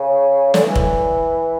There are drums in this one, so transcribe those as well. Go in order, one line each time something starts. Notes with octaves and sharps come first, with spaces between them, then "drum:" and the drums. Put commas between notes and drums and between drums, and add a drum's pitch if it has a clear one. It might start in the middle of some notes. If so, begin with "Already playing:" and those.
Already playing: C#3
D3, drum: snare
E3
drum: kick F1